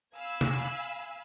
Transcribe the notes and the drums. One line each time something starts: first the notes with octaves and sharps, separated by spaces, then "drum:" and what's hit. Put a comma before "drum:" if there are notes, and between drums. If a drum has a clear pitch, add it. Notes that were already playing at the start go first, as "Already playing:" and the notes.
F5 G#5 B5 E6
drum: tom